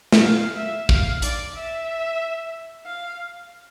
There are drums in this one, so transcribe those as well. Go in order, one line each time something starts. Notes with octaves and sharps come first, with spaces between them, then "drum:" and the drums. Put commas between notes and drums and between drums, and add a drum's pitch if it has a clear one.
drum: snare
F5
E5
F5, drum: kick
D5, drum: hi-hat
E5
F5